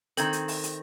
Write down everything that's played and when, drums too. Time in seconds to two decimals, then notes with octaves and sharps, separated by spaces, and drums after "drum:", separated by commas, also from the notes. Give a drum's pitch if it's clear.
0.17 D#3 C4 A4 G#6 F#7, drum: hi-hat
0.33 drum: hi-hat
0.48 drum: open hi-hat
0.63 drum: hi-hat